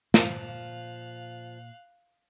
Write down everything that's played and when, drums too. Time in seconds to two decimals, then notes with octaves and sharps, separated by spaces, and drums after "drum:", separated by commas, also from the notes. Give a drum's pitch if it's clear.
0.14 A#2 F3 F5 F#6, drum: snare